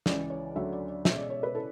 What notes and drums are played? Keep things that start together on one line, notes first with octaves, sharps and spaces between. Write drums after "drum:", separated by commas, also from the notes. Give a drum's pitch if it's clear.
C#2 C#3 E3 D5, drum: snare
C#5
D2 D3 F#3 C#4 F#4 E5
D5
D5
B2 G#3 C#4 E5, drum: snare
D5
C#5
B4
C#4 E4 A4